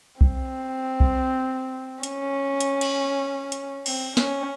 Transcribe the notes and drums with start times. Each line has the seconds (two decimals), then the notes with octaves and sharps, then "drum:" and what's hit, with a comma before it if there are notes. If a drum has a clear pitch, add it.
0.21 C4, drum: kick B1
1.00 drum: kick B1
2.03 C#4, drum: hi-hat
2.60 drum: hi-hat
2.81 drum: cymbal
3.52 drum: hi-hat
3.86 C4, drum: cymbal
4.17 C#4, drum: snare